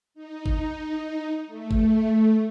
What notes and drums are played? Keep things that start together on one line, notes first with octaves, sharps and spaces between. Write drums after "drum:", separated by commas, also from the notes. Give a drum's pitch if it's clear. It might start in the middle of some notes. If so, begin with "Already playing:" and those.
D#4
drum: kick G1
A3
drum: kick G1